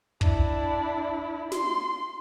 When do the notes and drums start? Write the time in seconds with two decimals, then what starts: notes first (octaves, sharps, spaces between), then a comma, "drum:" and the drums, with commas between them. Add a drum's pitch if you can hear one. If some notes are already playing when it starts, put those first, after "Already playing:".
0.21 D4 E4, drum: kick
1.52 C6, drum: snare